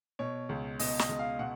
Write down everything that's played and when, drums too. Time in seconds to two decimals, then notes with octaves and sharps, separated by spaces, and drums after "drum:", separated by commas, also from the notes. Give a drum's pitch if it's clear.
0.19 B2 C#5
0.49 C#2
0.79 B2 D#5, drum: open hi-hat
0.99 D#5, drum: snare
1.09 C#2
1.19 F5
1.39 B2 F#5